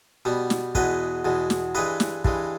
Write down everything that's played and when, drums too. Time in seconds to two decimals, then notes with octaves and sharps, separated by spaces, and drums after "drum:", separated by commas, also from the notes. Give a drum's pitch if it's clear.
0.25 B2 G3 B3
0.50 drum: snare
0.75 E2 B2 G#3 B4 D#5, drum: kick
1.25 E2 B2 G#3
1.50 drum: snare
1.75 G2 E3 G#3 B4 D#5
2.00 drum: snare
2.25 G2 E3 G#3, drum: kick